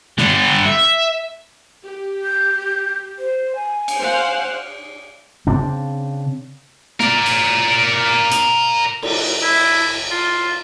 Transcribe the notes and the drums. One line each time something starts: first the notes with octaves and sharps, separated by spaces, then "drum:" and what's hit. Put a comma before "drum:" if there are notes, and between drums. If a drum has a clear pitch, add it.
D3 G3, drum: snare
E5
G4
G6
C5
G#5
drum: cymbal
C5 F5 F#5
C#3 C4 D4
A#4 D5, drum: snare
drum: cymbal
drum: hi-hat
drum: cymbal
E4
F4